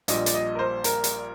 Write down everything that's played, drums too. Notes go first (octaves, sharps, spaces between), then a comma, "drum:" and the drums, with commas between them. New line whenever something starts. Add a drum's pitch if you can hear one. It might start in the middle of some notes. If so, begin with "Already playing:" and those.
A#1 A#2 G3 D#5, drum: hi-hat
D5, drum: hi-hat
D#5
A#4
C5
A#4, drum: hi-hat
drum: hi-hat